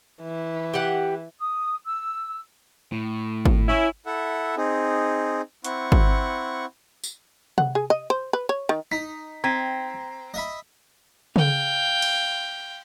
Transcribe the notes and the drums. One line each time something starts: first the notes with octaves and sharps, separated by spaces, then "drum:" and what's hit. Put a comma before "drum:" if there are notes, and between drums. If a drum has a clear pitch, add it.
E3
G4 F#5
D#6
E6
A2
drum: kick G#1
C#4 E4
E4 A4 E5 F#5
C4 D#4 G#4
C4 E4 F#5 C#6, drum: hi-hat
drum: kick G#1
drum: tambourine
F#5, drum: tom C3
G#4
D#5
C5
B4
C#5
D#3
D#4 B6
C4 A#5 G#6 B6 D#7
D#5 E5 B5
F5 G5, drum: tom C#3
drum: cymbal